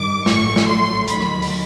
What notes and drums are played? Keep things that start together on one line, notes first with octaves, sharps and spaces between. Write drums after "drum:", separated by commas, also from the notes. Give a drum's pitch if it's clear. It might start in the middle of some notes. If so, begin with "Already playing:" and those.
Already playing: G2 D#3 G3 D6
A1 A2 F#3 A3 C#6, drum: snare
drum: snare
C6
D#2 D#3 F#3 B5, drum: hi-hat
drum: rim click
drum: open hi-hat